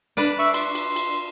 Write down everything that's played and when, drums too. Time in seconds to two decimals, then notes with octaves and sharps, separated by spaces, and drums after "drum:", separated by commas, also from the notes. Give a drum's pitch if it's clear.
0.17 D4 B4 D5
0.39 E5 C#6
0.54 C6, drum: cymbal
0.75 drum: cymbal
0.96 drum: cymbal